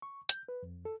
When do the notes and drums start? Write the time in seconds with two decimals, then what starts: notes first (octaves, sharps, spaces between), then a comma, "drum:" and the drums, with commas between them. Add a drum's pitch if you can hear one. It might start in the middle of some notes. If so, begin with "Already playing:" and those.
0.02 C#6
0.29 G6, drum: hi-hat
0.48 B4
0.63 F2
0.85 A4